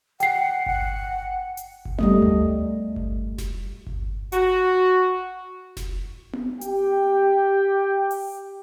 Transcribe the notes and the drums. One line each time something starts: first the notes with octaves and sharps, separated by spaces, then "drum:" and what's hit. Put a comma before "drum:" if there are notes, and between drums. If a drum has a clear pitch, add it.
F#5 G5 C7, drum: hi-hat
F#5, drum: kick G1
drum: hi-hat
drum: kick G1
G3 A3 D#5, drum: tom B3
drum: tom D2
drum: kick G1
drum: snare F1
drum: kick G1
F#4, drum: hi-hat
drum: snare F1
drum: tom B3
G4 G5, drum: hi-hat
drum: open hi-hat